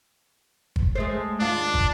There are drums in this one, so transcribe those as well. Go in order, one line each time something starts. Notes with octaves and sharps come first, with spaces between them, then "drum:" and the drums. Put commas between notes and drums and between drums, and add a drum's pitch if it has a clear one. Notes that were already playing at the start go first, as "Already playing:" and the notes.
drum: kick
G#3 A3 C5
D#2 D4 F4
drum: kick